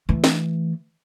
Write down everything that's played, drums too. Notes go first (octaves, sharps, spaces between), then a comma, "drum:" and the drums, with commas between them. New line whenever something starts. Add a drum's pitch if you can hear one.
E3 A3
drum: snare